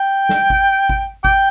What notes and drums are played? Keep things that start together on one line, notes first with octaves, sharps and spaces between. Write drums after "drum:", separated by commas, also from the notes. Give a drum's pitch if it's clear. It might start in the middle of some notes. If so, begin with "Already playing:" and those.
Already playing: G5
drum: snare
drum: kick G#1
drum: kick G#1
G5, drum: kick G#1